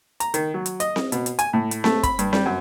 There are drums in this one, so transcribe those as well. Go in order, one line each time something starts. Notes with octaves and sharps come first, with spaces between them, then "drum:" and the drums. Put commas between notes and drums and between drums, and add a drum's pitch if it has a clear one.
A#5, drum: hi-hat
D#3, drum: hi-hat
F#3
drum: hi-hat
D#5, drum: hi-hat
drum: snare C4
B2, drum: hi-hat
drum: hi-hat
G#5, drum: hi-hat
A2
drum: hi-hat
A3, drum: snare C4
B5, drum: kick, hi-hat
G2, drum: hi-hat
G3, drum: snare C4
F#2